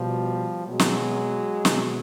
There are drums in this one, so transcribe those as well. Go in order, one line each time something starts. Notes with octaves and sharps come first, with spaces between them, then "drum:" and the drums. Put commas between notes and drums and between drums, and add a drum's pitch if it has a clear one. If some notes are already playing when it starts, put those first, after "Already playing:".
Already playing: B2 F3 G3
B2 F#3 G#3
drum: snare
B2, drum: snare